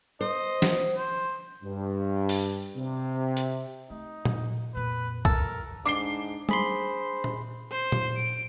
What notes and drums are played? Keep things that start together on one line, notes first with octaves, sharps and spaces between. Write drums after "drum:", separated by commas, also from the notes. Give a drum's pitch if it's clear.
C5 D#5
drum: snare
C5
G2
drum: open hi-hat
C3
drum: hi-hat
A3 D#4
drum: tom A#2
F2 A#2 B4
A4 A#4, drum: kick C2
G#2 D4 D6 C7 G7
G#4 C5 B5 C6, drum: tom G3
drum: tom A#2
C5
drum: tom A#2
D7